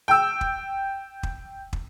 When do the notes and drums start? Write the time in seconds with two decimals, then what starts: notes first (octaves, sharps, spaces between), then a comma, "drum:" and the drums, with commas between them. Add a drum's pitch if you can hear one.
0.08 G5 E6
0.41 drum: kick
1.23 drum: kick
1.73 drum: kick